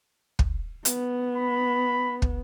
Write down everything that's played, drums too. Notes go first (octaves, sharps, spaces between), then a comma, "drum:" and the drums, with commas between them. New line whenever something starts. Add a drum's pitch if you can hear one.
drum: kick
B3, drum: hi-hat
B5
drum: kick